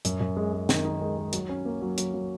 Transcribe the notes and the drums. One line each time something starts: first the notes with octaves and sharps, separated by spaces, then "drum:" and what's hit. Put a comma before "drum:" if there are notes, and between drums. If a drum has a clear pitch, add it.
F#2, drum: hi-hat
F#2
G#3
G#3
D#3, drum: snare
D#4
G#3
G#3
F#3, drum: hi-hat
C#4
A#3
F#3
F#3, drum: hi-hat
F#3